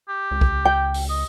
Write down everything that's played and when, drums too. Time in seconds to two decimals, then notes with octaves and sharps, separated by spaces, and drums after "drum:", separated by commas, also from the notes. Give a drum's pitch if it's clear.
0.09 G4
0.31 C#2
0.41 drum: kick B1
0.65 G5
0.94 drum: open hi-hat
1.10 D#5